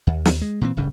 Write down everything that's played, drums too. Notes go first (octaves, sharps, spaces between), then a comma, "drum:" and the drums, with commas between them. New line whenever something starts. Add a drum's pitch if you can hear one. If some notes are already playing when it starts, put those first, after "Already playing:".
D#2
drum: snare
G#3
A#2 E3 C4
D1 G1 G2 C#3